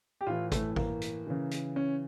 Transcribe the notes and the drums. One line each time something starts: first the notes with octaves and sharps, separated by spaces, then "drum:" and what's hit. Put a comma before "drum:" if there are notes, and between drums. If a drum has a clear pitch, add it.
G4
A2 E3 F4
A3, drum: kick G#1, hi-hat
A#3, drum: kick G#1
drum: hi-hat
C#3 E3
drum: hi-hat
C#4